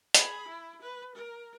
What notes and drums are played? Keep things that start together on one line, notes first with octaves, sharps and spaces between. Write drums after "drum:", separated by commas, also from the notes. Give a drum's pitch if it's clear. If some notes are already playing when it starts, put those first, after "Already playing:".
G#4 B5, drum: hi-hat
E4
B4
A#4